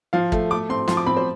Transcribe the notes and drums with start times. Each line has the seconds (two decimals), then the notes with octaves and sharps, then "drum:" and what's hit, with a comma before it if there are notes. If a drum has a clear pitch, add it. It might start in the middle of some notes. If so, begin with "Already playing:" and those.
0.13 F3 F5
0.32 A3, drum: kick
0.51 A3 D6
0.69 C4 C6
0.88 F3 C6, drum: snare
0.97 D6
1.06 C4 B5
1.17 C5